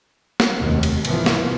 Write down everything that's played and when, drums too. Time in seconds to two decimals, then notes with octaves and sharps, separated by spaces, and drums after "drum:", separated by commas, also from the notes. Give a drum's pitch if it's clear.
0.40 drum: snare
0.58 F1 D#2 D#3
0.83 drum: cymbal
1.05 C2 G#2 E3 F3 B3, drum: cymbal
1.26 drum: snare